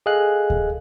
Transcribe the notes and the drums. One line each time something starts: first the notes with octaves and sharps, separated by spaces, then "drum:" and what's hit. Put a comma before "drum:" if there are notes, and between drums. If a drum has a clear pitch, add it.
G#4 A4 D#5 F5 G#5 F#6
drum: kick D2